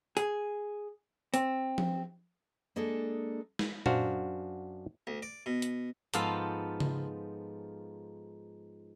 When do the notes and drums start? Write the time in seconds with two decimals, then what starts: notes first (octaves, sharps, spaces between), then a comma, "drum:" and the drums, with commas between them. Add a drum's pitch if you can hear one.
0.17 G#4, drum: hi-hat
1.34 C4, drum: hi-hat
1.78 drum: tom F3
2.76 G#3 A#3 D4 G#4 A4
3.59 drum: snare
3.86 F#2 D4 F#4 C5 F5, drum: tom A#2
5.07 D2
5.22 D5
5.46 B2
5.62 drum: hi-hat
6.14 G#2 F3 B3 F4 A4 F5, drum: hi-hat
6.80 drum: tom C#3